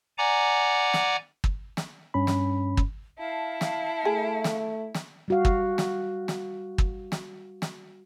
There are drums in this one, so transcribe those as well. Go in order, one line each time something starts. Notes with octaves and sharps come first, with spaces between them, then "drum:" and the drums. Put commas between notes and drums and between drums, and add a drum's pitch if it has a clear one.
D5 F#5 G#5 A#5 D6
drum: snare
drum: kick
drum: snare
G2 C#4 B5
drum: snare
drum: kick
E4 F5 A5
drum: snare
A3 G#4
drum: snare
drum: snare
G3 F#4 F5
drum: kick
drum: snare
drum: snare
drum: kick
drum: snare
drum: snare